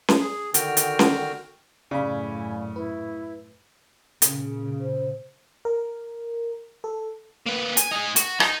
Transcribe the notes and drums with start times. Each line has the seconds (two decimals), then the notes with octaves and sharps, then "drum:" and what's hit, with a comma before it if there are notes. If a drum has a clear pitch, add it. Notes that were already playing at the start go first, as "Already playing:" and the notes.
0.08 drum: snare C#4
0.20 G#4
0.54 D3 D#3 F#4 G5 F6, drum: hi-hat
0.77 drum: hi-hat
0.99 drum: snare C#4
1.91 F#2 A2 C#3 D5 F5 G#5 B5
2.76 E4 B4
4.22 A#2 C#3, drum: hi-hat
4.80 C5
5.65 A#4
6.84 A4
7.47 A#3 B4
7.77 G#5, drum: hi-hat
7.92 D#4 G#5
8.16 F#4, drum: hi-hat
8.40 D#4, drum: rim click